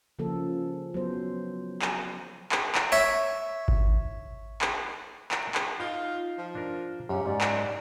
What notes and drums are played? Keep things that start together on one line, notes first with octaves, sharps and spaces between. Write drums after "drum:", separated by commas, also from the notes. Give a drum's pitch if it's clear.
C#3 F3 A#3 A4
F#3 B3 C5
drum: clap
drum: clap
drum: clap
C#5 E5
drum: kick G#1
drum: clap
drum: clap
drum: clap
D#4 F4
F3
D4 A#4
F#2 C#3 G4
G#2 D5
drum: clap